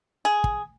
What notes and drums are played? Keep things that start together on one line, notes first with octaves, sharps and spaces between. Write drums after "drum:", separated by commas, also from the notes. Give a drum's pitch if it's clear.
G#4
drum: kick